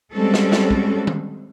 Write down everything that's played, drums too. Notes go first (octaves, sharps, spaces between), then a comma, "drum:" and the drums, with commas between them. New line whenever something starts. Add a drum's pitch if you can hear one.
G3 G#3 C4 C#4 F#4 A4
drum: snare
drum: snare
drum: kick
drum: tom D#3